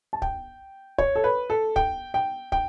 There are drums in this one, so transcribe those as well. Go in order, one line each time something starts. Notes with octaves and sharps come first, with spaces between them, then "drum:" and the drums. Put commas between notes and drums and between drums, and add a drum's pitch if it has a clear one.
A5
G5, drum: kick
C#5, drum: kick
A4
B4
A4
G5, drum: kick
G5
G5, drum: kick